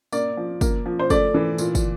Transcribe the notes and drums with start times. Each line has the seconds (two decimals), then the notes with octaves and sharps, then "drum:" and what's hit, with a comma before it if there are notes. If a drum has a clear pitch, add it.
0.12 A#3 D5, drum: tambourine
0.37 F3
0.61 A#3, drum: kick, tambourine
0.86 F3
0.99 C5
1.10 A3 D5, drum: kick, tambourine
1.34 E3
1.58 A#2, drum: tambourine
1.75 drum: kick, tambourine